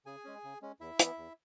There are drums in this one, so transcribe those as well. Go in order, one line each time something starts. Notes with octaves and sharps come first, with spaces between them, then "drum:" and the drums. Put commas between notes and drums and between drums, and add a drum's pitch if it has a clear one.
C#3 G#4 G#5
G#3 C#4
C#3
G#3 C#4
E2 E4 E5
E3 B3, drum: hi-hat
E2